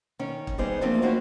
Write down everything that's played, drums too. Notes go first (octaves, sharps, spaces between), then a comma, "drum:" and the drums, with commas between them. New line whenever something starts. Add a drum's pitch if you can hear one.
D#3 C#4
drum: kick
G3 B3 D#4 G#4 C5
E2 F3 A3 A#3 C4 D4
A#3 C4 C#4 D#4 F#4 C5